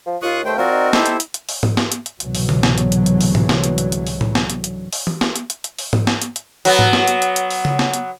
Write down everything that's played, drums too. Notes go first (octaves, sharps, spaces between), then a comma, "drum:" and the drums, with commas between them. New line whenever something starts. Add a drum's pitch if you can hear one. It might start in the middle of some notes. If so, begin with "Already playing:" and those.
F3
D#2 F4 C#6 D#6 F#6
A3 C5 G5
F3 C4 F#4 A#4 D5
D#4
E4 G4 A4 C5, drum: snare
drum: hi-hat
drum: hi-hat
drum: hi-hat
drum: open hi-hat
drum: tom G#2
drum: snare
drum: hi-hat
drum: hi-hat
C2 G#2 B2 D3 E3 F#3, drum: hi-hat
drum: open hi-hat
drum: tom C#3
drum: snare
drum: hi-hat
drum: hi-hat
drum: hi-hat
drum: open hi-hat
drum: tom G#2
drum: snare
drum: hi-hat
drum: hi-hat
drum: hi-hat
drum: open hi-hat
drum: tom A2
drum: snare
drum: hi-hat
drum: hi-hat
drum: open hi-hat
drum: tom E3
drum: snare
drum: hi-hat
drum: hi-hat
drum: hi-hat
drum: open hi-hat
drum: tom G#2
drum: snare
drum: hi-hat
drum: hi-hat
F#3 B3, drum: open hi-hat
drum: tom G#2
drum: snare
drum: hi-hat
drum: hi-hat
drum: hi-hat
drum: open hi-hat
drum: tom C#3
drum: snare
drum: hi-hat